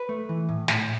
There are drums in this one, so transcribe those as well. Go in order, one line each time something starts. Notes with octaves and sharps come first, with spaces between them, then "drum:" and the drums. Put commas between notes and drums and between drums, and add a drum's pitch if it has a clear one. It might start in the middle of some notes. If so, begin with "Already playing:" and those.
Already playing: B4
A3
E3
A2
A2, drum: snare